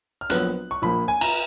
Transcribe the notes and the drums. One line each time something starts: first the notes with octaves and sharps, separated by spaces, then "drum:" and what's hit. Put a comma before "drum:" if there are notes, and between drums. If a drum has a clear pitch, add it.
F6
A#1 A#2 F#3 B3 F#6, drum: hi-hat
C#6
A#1 A#2 F3 A#3 B5
G#5
A#5, drum: cymbal